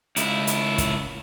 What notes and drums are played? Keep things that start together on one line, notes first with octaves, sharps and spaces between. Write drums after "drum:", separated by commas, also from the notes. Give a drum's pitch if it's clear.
C#2 E4, drum: hi-hat
drum: hi-hat
drum: kick, hi-hat